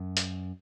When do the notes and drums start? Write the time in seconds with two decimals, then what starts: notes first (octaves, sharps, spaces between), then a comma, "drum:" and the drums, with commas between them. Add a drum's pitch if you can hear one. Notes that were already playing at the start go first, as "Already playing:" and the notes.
Already playing: F#2
0.17 drum: hi-hat